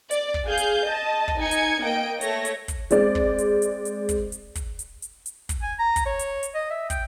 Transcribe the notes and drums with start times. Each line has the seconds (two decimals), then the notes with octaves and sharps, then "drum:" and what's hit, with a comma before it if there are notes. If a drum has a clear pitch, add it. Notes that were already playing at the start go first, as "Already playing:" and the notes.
0.11 D5, drum: hi-hat
0.34 drum: kick
0.46 G#4 F5 G6
0.58 drum: hi-hat
0.85 D#5 A5
1.28 drum: kick
1.41 D#4 G#5 G#6 C#7
1.51 drum: hi-hat
1.83 A#3 D#5 G5 D7
2.21 A3 C#5 A#6, drum: hi-hat
2.45 drum: hi-hat
2.68 drum: kick, hi-hat
2.90 G#3 C4 D5, drum: hi-hat
3.15 drum: kick
3.38 drum: hi-hat
3.62 drum: hi-hat
3.85 drum: hi-hat
4.09 drum: kick, hi-hat
4.32 drum: hi-hat
4.55 drum: kick, hi-hat
4.79 drum: hi-hat
5.02 drum: hi-hat
5.26 drum: hi-hat
5.49 drum: kick, hi-hat
5.62 G#5
5.79 A#5
5.96 drum: kick, hi-hat
6.06 C#5
6.19 drum: hi-hat
6.43 drum: hi-hat
6.54 D#5
6.70 E5
6.90 G5, drum: kick, hi-hat